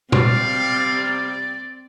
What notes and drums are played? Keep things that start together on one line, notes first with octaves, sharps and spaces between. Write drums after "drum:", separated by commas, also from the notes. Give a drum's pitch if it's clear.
C3 G3 C4 D5 F5, drum: tom A#2